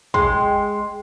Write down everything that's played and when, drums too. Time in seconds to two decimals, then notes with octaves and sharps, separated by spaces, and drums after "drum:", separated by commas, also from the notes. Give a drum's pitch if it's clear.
0.14 G#3 G5 C6, drum: kick